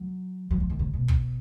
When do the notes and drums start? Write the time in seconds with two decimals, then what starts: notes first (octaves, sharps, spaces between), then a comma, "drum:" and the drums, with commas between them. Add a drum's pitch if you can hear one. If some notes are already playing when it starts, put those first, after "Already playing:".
Already playing: F#3
0.51 F#3
0.60 F3
0.70 D#3
0.79 C#3
0.93 B2
1.08 drum: kick